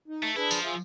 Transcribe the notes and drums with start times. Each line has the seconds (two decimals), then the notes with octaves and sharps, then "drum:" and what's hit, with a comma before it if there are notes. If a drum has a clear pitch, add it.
0.08 D#4
0.23 A3
0.37 D4 E4 G#4 B4
0.51 F3, drum: tambourine
0.64 F4 G#4 E5